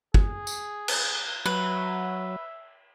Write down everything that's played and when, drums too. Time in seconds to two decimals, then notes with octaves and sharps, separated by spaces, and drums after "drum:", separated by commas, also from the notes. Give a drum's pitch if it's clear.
0.14 G#4, drum: kick
0.47 drum: tambourine
0.88 drum: cymbal
1.46 F#3 B4 E5